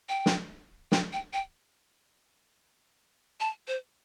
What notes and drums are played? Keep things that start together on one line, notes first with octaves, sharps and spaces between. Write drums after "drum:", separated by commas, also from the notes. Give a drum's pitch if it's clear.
G5
drum: snare
G5, drum: snare
G5
G5
A5
C5